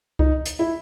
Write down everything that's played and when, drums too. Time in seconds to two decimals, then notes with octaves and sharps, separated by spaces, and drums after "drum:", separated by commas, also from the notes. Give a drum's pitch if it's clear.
0.19 D#4, drum: kick C2
0.46 drum: hi-hat
0.59 E4